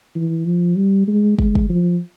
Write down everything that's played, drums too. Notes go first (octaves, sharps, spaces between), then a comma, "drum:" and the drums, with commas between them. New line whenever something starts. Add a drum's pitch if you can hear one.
E3
F3
G3
G#3
G#3, drum: kick
drum: kick
F3